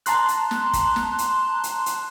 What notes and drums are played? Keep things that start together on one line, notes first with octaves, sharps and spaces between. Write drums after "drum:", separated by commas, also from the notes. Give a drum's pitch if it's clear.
A5 A#5 C6 F#6, drum: hi-hat
drum: hi-hat
drum: snare
drum: kick, hi-hat
drum: snare
drum: hi-hat
drum: hi-hat
drum: hi-hat